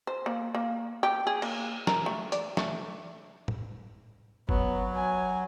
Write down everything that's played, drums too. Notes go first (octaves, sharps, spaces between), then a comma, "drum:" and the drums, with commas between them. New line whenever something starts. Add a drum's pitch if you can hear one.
C5
A#3
A#3
G4
G#4
A#3, drum: cymbal
A#4, drum: snare
A3
D5, drum: hi-hat
A3, drum: snare
drum: tom
F#3 B3, drum: kick F#1
G#5